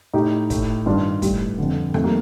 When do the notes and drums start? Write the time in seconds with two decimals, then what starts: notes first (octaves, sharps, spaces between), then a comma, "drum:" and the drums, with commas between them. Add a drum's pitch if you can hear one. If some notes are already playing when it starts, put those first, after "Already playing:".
0.13 A2 D#4 G4
0.50 A2, drum: kick, hi-hat
0.86 G2 D#3 D4 F4
1.22 A2 G3, drum: kick, hi-hat
1.58 F2 D3
1.94 F2 D#3 A3, drum: rim click
2.03 G3 A#3